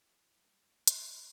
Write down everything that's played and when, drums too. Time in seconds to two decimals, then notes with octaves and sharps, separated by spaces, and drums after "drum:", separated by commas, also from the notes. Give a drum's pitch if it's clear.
0.02 E4
0.36 G3 A#3 E4 F4
0.65 G#2 A3
0.87 C#3 G5, drum: hi-hat